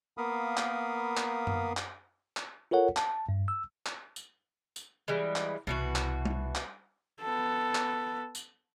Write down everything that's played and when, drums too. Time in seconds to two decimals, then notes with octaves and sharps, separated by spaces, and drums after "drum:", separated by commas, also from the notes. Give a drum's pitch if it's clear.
0.18 A#3 B3 A#4 F5 B5 D#6
0.57 drum: clap
1.17 drum: clap
1.47 drum: tom F#2
1.77 drum: clap
2.37 drum: clap
2.71 F4 A4 A#4 C#5 F#5
2.97 A5, drum: clap
3.29 G2
3.48 E6
3.86 drum: clap
4.16 drum: tambourine
4.76 drum: tambourine
5.08 E3 G3 G#3
5.36 drum: clap
5.67 C2 B2 E3 F#4
5.96 drum: clap
6.25 drum: tom G3
6.55 drum: clap
7.21 B3 A4
7.75 drum: clap
8.35 drum: tambourine